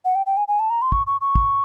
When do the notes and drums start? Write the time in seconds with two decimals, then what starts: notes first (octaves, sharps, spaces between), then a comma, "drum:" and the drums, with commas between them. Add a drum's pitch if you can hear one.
0.05 F#5
0.15 G5
0.26 G5
0.37 G#5
0.48 G#5
0.60 A5
0.70 A#5
0.82 C6
0.92 C#6, drum: kick
1.07 C#6
1.21 C#6
1.35 drum: kick